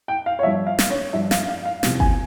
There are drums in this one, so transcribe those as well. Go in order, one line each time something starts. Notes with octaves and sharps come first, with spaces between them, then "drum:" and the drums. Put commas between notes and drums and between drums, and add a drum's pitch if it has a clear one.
G5
F5
C#5
G2 F3 E5
F5
drum: snare
C#5
G2 F3 E5
F5, drum: snare
F5
F5
E2 C3 F3, drum: snare
G#5, drum: kick G1